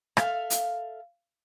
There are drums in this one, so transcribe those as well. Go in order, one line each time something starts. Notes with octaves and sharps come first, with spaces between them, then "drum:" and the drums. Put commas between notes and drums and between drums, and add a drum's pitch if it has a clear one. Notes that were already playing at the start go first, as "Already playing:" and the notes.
A4 E5 F5, drum: rim click
drum: hi-hat